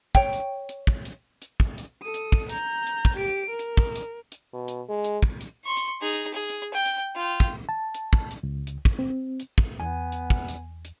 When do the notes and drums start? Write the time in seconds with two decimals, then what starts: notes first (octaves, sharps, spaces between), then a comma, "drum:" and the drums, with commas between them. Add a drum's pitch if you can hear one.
0.15 C#5 G5, drum: kick
0.33 drum: hi-hat
0.69 drum: hi-hat
0.87 drum: kick
1.05 drum: hi-hat
1.42 drum: hi-hat
1.60 drum: kick
1.78 drum: hi-hat
2.02 A4 D#6
2.14 drum: hi-hat
2.32 drum: kick
2.49 A#5 G6, drum: hi-hat
2.87 drum: hi-hat
3.05 drum: kick
3.17 G4 D7
3.50 A#4
3.59 drum: hi-hat
3.77 drum: kick
3.96 drum: hi-hat
4.32 drum: hi-hat
4.53 B2
4.68 drum: hi-hat
4.89 G#3
5.04 drum: hi-hat
5.23 drum: kick
5.41 drum: hi-hat
5.65 C6 C#6
5.77 drum: hi-hat
6.01 D#4 G#4
6.13 drum: hi-hat
6.34 G#4
6.49 drum: hi-hat
6.74 G5
6.86 drum: hi-hat
7.15 F4 G5
7.40 drum: kick
7.69 A5
7.95 drum: hi-hat
8.13 drum: kick
8.31 drum: hi-hat
8.43 C#2
8.67 drum: hi-hat
8.85 drum: kick
8.99 C4
9.40 drum: hi-hat
9.58 drum: kick
9.80 E2 B3 G#5
10.12 drum: hi-hat
10.30 drum: kick
10.48 drum: hi-hat
10.85 drum: hi-hat